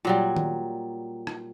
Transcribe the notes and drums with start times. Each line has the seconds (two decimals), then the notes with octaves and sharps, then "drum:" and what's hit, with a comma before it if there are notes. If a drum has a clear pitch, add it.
0.05 A#2 F#3 G3
0.37 drum: tom D#3
1.27 drum: rim click